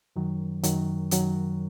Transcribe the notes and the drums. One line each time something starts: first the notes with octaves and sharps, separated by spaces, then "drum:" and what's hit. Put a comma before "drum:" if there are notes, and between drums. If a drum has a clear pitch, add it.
F#2 D#3 F#3
F#2 D#3 F#3, drum: hi-hat
F#2 D#3 F#3, drum: hi-hat